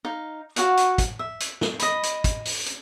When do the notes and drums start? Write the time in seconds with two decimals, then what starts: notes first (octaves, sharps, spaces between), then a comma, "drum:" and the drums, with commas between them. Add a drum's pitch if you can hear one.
0.05 D#4 F5
0.56 F#4 C#5 F5 F#5, drum: hi-hat
0.77 drum: hi-hat
0.98 drum: kick, hi-hat
1.19 E5
1.40 drum: hi-hat
1.61 drum: snare
1.79 D#5 B5, drum: hi-hat
2.03 drum: hi-hat
2.24 drum: kick, hi-hat
2.45 drum: open hi-hat
2.66 drum: hi-hat